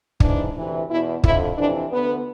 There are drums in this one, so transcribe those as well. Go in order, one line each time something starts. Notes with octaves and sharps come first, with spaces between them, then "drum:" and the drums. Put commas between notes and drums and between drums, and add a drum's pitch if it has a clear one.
G#2 E3 D4, drum: kick
D2 C3 E3
E2 B2 E4
F2 D3 E4, drum: kick
F2 C3 E3 D4
D2 D3 B3